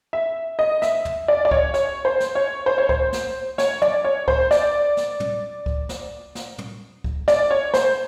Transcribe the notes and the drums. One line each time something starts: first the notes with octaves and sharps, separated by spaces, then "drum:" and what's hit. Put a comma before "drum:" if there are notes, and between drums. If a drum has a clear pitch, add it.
E5
D#5
E5, drum: snare
drum: tom
D5
D5
C#5, drum: kick C#2
C#5, drum: snare
C5
drum: snare
C#5
C5
C#5
C5, drum: kick C#2
drum: snare
C#5, drum: snare
D5, drum: tom
C#5
C5, drum: kick C#2
D5, drum: snare
drum: snare
drum: tom
drum: kick C#2
drum: snare
drum: snare
drum: tom
drum: kick C#2
D5, drum: snare
C#5
C5, drum: snare